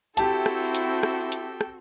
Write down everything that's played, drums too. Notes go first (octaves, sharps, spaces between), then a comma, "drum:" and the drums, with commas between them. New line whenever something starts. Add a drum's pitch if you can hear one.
C4 E4 F#4 G4 A4 G5 A5, drum: hi-hat
drum: rim click
drum: hi-hat
drum: rim click
drum: hi-hat
drum: rim click